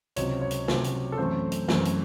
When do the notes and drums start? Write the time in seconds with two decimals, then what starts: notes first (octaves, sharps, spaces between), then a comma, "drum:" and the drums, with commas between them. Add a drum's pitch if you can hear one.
0.16 C#2 C3 F#3 C4 C#5, drum: hi-hat
0.42 C#5
0.51 drum: hi-hat
0.68 C#2 C3 F#3 C4, drum: snare
0.84 drum: hi-hat
1.12 A4
1.18 F#2 E3 A3 C4 C5
1.52 drum: hi-hat
1.68 F#2 E3 A3 C4 C5, drum: snare
1.85 drum: hi-hat